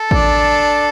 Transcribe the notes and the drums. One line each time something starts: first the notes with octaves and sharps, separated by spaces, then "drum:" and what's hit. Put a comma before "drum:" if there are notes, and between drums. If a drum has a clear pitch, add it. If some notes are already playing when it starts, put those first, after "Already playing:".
Already playing: A4
D4, drum: kick A1